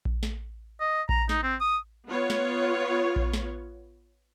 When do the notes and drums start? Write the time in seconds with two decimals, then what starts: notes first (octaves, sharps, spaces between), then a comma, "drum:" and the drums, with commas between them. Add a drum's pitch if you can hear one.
0.05 drum: kick A#1
0.23 drum: snare
0.80 D#5
1.09 A#5, drum: kick A#1
1.29 D#4, drum: snare
1.43 C4
1.60 D#6
2.08 B3 F4 C#5
2.30 drum: snare
3.16 drum: kick A#1
3.33 drum: snare